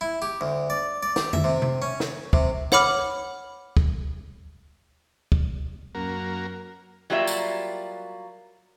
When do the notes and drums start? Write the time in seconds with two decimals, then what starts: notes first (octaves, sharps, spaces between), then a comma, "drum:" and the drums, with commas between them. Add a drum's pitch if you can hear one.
0.01 E4
0.22 G4
0.41 D2
0.70 D5
1.03 D5
1.16 G4, drum: snare
1.33 E5, drum: tom F2
1.44 C3
1.62 drum: tom C3
1.82 C#4
2.00 drum: snare
2.33 C3, drum: kick
2.72 C#5 F#5 B5 D6 F6, drum: snare
3.77 drum: kick
5.32 drum: kick
5.95 F#2 A#3 F#4 A#4
7.10 F#3 G3 A#3 F4 A4 E5
7.27 drum: tambourine